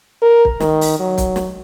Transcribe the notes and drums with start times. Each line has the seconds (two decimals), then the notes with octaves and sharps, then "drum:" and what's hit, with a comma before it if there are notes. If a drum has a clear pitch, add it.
0.22 A#4
0.45 drum: kick
0.60 D#3, drum: snare
0.81 drum: open hi-hat
0.99 F#3
1.18 drum: kick, hi-hat
1.36 drum: snare